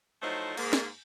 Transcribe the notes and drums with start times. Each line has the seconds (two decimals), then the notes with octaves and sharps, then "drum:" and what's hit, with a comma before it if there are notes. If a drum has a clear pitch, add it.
0.22 A2 F3 F#3 A3 D#4 C5
0.57 G#2 A#3, drum: cymbal
0.73 drum: snare